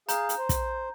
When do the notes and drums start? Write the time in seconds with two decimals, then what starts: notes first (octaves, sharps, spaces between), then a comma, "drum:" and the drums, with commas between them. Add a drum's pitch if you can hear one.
0.09 G#4 F5 A#5 G6, drum: hi-hat
0.29 drum: hi-hat
0.38 C5
0.49 drum: kick, hi-hat